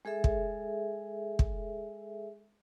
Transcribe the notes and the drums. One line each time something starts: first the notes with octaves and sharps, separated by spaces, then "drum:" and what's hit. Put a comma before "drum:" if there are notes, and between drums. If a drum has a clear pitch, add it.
G#3 G#4 A4 E5
drum: kick
drum: kick